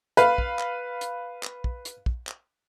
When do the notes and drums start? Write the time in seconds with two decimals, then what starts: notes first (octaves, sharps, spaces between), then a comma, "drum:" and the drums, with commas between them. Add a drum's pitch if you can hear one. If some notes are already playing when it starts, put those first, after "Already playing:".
0.17 B4 F5, drum: hi-hat
0.38 drum: kick
0.59 drum: clap
1.01 drum: hi-hat
1.43 drum: clap
1.64 drum: kick
1.85 drum: hi-hat
2.06 drum: kick
2.27 drum: clap